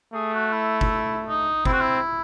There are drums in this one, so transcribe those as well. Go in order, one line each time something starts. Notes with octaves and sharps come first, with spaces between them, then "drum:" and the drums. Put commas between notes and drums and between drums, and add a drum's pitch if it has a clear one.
A3 G#4
F#4
E4
drum: kick F#1
D#4
C4 E4, drum: kick F#1
F#4
E4